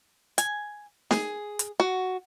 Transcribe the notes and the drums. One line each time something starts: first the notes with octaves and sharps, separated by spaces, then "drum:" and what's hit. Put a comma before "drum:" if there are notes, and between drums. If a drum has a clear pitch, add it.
G#5, drum: hi-hat
G#4, drum: snare
drum: hi-hat
F#4